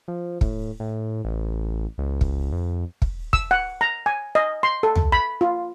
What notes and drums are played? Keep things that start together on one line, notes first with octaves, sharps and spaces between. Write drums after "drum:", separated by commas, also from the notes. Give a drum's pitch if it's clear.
F3
A2, drum: kick
A2
A1
C#2
drum: kick
F2
drum: kick
E6, drum: kick
F#5
A#5
G#5
D#5
C6
A4
drum: tom
B5
F4